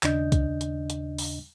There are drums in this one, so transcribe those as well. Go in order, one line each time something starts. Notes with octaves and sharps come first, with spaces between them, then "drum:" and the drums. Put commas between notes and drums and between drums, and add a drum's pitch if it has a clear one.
D#2 C#3 D4 D#5 G6, drum: clap
drum: kick C2, hi-hat
drum: hi-hat
drum: hi-hat
drum: open hi-hat